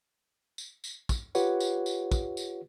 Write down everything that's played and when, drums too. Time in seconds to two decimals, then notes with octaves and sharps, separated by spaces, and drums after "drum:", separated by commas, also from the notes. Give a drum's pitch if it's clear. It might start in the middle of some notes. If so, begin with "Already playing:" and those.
0.58 drum: tambourine
0.84 drum: tambourine
1.09 drum: kick, tambourine
1.35 F4 G4 B4 C#5 F#5, drum: tambourine
1.60 drum: tambourine
1.86 drum: tambourine
2.12 drum: kick, tambourine
2.37 drum: tambourine